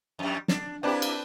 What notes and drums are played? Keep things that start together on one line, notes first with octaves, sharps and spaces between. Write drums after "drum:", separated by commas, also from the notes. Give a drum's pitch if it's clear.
F2 G3
D4, drum: snare
A#3 C4 D4 E4 G4 B4
drum: cymbal